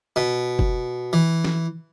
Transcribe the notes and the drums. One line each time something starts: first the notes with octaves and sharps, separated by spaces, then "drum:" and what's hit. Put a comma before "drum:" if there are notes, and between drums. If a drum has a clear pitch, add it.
B2
drum: kick
E3
drum: snare